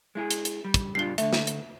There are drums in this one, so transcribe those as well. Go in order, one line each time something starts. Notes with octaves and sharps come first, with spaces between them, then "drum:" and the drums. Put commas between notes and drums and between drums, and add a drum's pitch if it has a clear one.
G#3 E4 G#4
drum: hi-hat
drum: hi-hat
G3
drum: kick, hi-hat
G3 D4 F4 C7 G7
D3 A3 E5, drum: hi-hat
drum: snare
drum: hi-hat